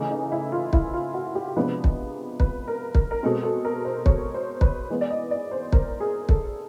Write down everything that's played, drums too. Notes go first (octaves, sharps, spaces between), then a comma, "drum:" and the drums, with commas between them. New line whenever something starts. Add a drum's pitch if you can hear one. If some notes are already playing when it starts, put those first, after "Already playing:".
Already playing: C#3 E3 A3 D#4
D#4
E4
F4
E4, drum: kick
F4
F#4
G4
C3 F3 G#3 B3 D4 B4
drum: kick
B4, drum: kick
A#4
A#4, drum: kick
A#4
B2 G#3 C4 A4
A4
A#4
C5
C#5, drum: kick
C5
B4, drum: kick
E3 G#3 B3
D5
D#5
D5
C5
A#4, drum: kick
G#4
A4, drum: kick